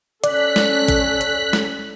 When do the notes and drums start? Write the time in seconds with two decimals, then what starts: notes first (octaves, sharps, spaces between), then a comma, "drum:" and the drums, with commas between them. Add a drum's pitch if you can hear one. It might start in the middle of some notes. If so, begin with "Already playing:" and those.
0.24 C#4 A4 D5 F#6 B6, drum: hi-hat
0.56 drum: snare
0.88 drum: kick A1, hi-hat
1.21 drum: hi-hat
1.53 drum: snare